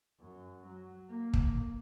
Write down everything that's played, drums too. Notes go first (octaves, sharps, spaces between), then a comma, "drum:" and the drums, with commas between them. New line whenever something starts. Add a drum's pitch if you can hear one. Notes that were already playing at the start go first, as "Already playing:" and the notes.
F#2
F#3
A#3
drum: kick